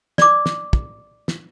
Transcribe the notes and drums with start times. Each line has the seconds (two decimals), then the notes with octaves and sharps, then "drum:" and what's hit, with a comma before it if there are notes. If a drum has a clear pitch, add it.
0.18 D5 D6, drum: snare
0.46 drum: snare
0.73 drum: kick
1.28 drum: snare